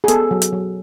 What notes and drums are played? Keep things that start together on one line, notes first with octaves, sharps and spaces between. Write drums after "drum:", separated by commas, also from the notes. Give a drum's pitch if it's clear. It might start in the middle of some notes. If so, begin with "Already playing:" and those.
G#4
B3 A4, drum: hi-hat
F#3
drum: hi-hat
F#3